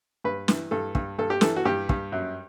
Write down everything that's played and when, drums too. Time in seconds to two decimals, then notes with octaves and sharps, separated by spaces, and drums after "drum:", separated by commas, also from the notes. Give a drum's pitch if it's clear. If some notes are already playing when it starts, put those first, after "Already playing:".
0.24 G2 B4
0.48 E3, drum: snare
0.71 G2 A4
0.95 G2, drum: kick
1.18 G2 A4
1.30 G4
1.41 E3 A4, drum: snare
1.56 F#4
1.65 G2 G4
1.89 G2, drum: kick
2.12 F#2